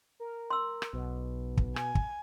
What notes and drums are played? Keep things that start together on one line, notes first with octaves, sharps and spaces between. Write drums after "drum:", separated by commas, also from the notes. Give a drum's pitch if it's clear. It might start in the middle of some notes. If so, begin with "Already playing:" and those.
A#4
C6 E6
drum: rim click
B1 B2
drum: kick
G#5, drum: rim click
drum: kick